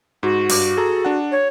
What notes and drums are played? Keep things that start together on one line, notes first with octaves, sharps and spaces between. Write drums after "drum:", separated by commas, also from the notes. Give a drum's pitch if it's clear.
G#2 F#4
G2 D6, drum: open hi-hat
G#4 A4 A#5
D4 F#5
C#5